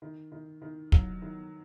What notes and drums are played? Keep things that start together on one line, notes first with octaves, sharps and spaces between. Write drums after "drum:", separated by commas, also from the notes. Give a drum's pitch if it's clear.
D#3
D#3
D#3
F#3, drum: kick
D#3